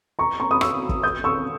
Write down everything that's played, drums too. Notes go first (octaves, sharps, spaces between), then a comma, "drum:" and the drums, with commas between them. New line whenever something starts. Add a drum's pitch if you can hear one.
A#5 C#6
A#5 C#6
B5 D#6
C#6 E6, drum: rim click
drum: kick
D#6 G6
C#6 E6